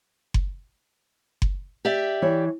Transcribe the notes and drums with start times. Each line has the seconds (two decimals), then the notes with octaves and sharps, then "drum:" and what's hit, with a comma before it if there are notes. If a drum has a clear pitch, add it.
0.34 drum: kick F#1
1.42 drum: kick F#1
1.85 G4 D5 E5
2.22 E3 E4 C#5